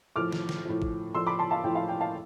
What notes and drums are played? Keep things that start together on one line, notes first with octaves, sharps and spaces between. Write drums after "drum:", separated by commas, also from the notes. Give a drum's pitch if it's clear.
A2 F3 D6 F6
drum: snare
drum: snare
A2 F3
drum: kick A1
A2 F3 C6 E6
B5 D6
A5 C6
F5 A5
A2 F3 G5
F5
G5
F5 A5